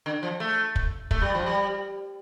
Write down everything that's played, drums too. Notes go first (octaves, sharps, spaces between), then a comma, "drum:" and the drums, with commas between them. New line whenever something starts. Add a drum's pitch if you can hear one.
D3
F3
A3
drum: kick
A3, drum: kick
G3
F3
G3